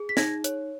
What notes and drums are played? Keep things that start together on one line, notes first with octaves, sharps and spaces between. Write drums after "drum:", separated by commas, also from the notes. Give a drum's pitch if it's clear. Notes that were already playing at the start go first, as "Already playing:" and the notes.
Already playing: G#4
B6
D#4 G#6 A#6, drum: snare
C#5, drum: hi-hat